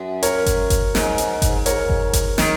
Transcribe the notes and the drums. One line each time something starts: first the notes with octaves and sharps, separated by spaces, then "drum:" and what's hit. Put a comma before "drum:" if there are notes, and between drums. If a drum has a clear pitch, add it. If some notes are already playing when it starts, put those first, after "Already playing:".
Already playing: F#2
A#4 C#5, drum: hi-hat
drum: kick G1, hi-hat
drum: kick G1, hi-hat
G#2, drum: snare
drum: hi-hat
drum: kick G1, hi-hat
A#4 C#5, drum: hi-hat
drum: kick G1
drum: kick G1, hi-hat
D#3, drum: snare